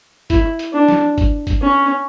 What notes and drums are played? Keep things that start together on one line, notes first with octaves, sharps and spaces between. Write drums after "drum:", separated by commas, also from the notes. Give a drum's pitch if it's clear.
E4, drum: kick G1, hi-hat
drum: hi-hat
D4
drum: snare
drum: kick G1, hi-hat
drum: kick G1, hi-hat
C#4